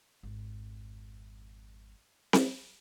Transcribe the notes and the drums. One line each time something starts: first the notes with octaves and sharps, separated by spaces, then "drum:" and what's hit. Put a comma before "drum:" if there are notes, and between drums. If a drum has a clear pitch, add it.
G#1 F2
drum: snare C4